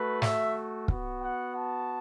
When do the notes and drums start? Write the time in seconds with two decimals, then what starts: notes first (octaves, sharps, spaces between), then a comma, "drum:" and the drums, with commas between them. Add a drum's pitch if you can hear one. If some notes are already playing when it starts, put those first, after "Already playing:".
Already playing: A3 F#4 B4
0.22 E5, drum: snare
0.88 B3 F#4, drum: kick
1.22 F#5
1.56 A5